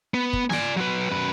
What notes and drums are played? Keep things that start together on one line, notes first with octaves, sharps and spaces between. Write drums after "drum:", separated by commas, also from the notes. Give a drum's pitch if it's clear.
B3
drum: kick
D5 G#5, drum: snare
F#3 B4
F#2 B4